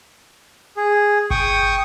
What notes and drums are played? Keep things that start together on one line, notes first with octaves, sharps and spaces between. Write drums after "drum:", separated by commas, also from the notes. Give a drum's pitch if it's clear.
G#4
G5 C#6 D#6, drum: kick G1